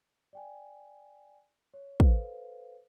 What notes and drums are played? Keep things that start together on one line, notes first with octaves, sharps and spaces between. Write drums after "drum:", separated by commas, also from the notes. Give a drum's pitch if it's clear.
D5 G5 G#5
C#5
A4 B4 C5 F5, drum: kick